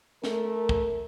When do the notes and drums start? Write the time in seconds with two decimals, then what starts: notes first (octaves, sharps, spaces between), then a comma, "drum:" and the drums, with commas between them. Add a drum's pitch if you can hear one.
0.24 A3 A#4, drum: snare
0.69 drum: kick